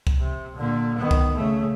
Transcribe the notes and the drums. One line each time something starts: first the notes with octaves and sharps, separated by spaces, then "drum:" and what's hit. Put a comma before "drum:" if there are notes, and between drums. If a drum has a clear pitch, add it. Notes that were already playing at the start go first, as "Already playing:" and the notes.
drum: kick C#2
C3
A#2 D3
D#3 B3
drum: kick C#2
C#3 A3